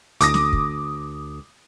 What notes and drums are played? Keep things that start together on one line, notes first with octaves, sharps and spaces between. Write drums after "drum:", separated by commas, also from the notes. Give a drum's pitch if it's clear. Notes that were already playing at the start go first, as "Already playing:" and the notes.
D2 D6 D#6 A#6, drum: hi-hat
drum: snare
drum: kick